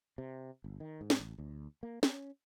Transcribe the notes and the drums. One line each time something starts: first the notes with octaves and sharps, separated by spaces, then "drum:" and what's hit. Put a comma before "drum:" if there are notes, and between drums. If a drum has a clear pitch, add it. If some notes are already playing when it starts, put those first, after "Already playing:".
C3
G1
D#3
G#2
drum: snare
A1
D2
A#3
C#4, drum: snare